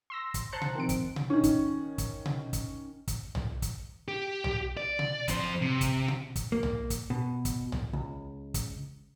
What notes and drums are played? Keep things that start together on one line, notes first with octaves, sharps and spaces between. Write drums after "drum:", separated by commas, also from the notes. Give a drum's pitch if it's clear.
C6 E6 A#6
drum: kick, hi-hat
C5 A5 A#5 C6 F#6 C#7
drum: tom B2
D#3 F3 C4 D7
drum: kick, hi-hat
drum: tom B2
D#3 C#4
drum: kick, hi-hat
drum: kick, hi-hat
drum: tom B2
drum: kick, hi-hat
drum: kick, hi-hat
drum: tom
drum: kick, hi-hat
G4
drum: tom
D5
drum: tom B2
F2 C5, drum: kick, hi-hat
C3
drum: kick, hi-hat
drum: tom B2
drum: kick, hi-hat
A#3
drum: tom
drum: kick, hi-hat
B2
drum: kick, hi-hat
drum: tom
C#2
drum: kick, hi-hat